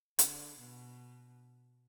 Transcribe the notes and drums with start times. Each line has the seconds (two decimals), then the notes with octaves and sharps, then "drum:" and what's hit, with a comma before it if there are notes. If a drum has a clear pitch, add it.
0.19 D3, drum: hi-hat
0.59 B2